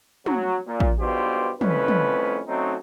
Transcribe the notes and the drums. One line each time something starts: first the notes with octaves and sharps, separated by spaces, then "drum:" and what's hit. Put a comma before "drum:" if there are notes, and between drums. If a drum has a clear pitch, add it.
F#3, drum: tom
A#2
drum: kick A1
B1 G2 B2 F4 G4 C5
C2 F2 A3 C#4 B4, drum: tom
drum: tom
F#3 A3 C4 C#4 D#4